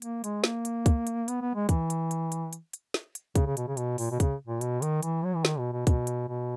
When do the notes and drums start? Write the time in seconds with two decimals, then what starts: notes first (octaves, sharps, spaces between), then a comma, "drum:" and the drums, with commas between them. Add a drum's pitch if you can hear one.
0.02 A#3, drum: hi-hat
0.24 G#3, drum: hi-hat
0.44 A#3, drum: snare
0.65 drum: hi-hat
0.86 drum: kick, hi-hat
1.07 drum: hi-hat
1.28 B3, drum: hi-hat
1.41 B3
1.55 G#3
1.69 E3, drum: kick, hi-hat
1.90 drum: hi-hat
2.11 drum: hi-hat
2.32 drum: hi-hat
2.53 drum: hi-hat
2.73 drum: hi-hat
2.94 drum: snare
3.15 drum: hi-hat
3.35 C#3, drum: kick, hi-hat
3.46 C#3
3.57 B2, drum: hi-hat
3.68 C#3
3.77 B2, drum: hi-hat
3.98 A#2, drum: open hi-hat
4.11 B2
4.20 C#3, drum: kick, hi-hat
4.47 A#2
4.61 B2, drum: hi-hat
4.82 D#3, drum: hi-hat
5.03 E3, drum: hi-hat
5.24 F#3
5.35 E3
5.45 D#3, drum: snare
5.59 B2
5.72 B2
5.87 B2, drum: kick, hi-hat
6.07 drum: hi-hat
6.29 B2